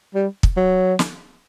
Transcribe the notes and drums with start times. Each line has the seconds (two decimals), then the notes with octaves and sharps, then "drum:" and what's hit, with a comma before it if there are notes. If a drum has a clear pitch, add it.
0.15 G3
0.43 drum: kick
0.57 F#3
0.99 drum: snare